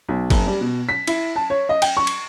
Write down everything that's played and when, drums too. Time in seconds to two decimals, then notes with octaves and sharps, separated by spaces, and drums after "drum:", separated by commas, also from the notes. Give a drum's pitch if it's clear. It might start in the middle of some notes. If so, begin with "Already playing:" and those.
0.09 B1
0.30 F#1, drum: kick, cymbal
0.47 G3
0.61 B2
0.89 B6
1.07 E4, drum: cymbal
1.36 A5
1.50 C#5
1.69 D#5
1.82 G5, drum: cymbal
1.97 C#6
2.07 drum: cymbal